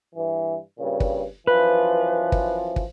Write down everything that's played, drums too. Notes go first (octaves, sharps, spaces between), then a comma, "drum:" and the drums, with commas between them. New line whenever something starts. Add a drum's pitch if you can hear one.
G2 E3
G2 A#2 C#3
drum: kick
F#2 E3 F3 B4
drum: kick
drum: kick